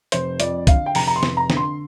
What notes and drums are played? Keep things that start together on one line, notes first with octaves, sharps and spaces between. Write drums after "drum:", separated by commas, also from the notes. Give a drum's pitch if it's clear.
F1 C5, drum: hi-hat
F2 D5, drum: hi-hat
D3 F5, drum: kick, hi-hat
G5
F1 A#5, drum: open hi-hat
A#5
C6
F1, drum: snare
A#5
D3, drum: snare
C6